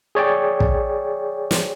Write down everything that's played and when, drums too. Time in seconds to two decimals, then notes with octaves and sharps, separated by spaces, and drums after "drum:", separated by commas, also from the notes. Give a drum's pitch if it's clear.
0.15 G#4 C#5 D5 G5
0.60 drum: kick
1.51 drum: snare